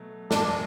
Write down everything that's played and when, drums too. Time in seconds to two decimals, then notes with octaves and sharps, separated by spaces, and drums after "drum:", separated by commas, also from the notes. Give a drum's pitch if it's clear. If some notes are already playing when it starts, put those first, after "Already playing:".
Already playing: B2 F#3 A3
0.31 F#1 E2 B2 F#3 A#3 D4, drum: snare